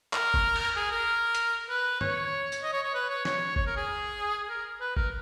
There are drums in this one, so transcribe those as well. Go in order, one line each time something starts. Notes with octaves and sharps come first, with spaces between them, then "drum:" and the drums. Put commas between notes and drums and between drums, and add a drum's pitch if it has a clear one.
A#4, drum: clap
drum: kick G1
drum: cymbal
G#4
A#4
drum: hi-hat
B4
C#5, drum: tom
drum: tambourine
D#5
C#5
C#5
B4
C#5
C#5, drum: snare
C#5, drum: kick G1
A#4
G#4
A#4
B4
A#4, drum: kick G1